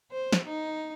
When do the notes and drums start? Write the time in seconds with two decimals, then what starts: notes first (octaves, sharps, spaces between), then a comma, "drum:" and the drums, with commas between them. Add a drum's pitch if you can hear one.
0.12 C5
0.33 drum: snare
0.45 D#4